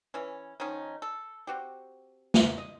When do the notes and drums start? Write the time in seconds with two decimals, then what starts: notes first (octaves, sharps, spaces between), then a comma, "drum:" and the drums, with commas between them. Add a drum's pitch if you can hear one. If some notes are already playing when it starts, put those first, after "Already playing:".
0.14 E3 C#4
0.60 D#3 F3 C#4 D#4
1.02 A4
1.47 C4 F#4 G4
2.34 drum: snare
2.58 D#5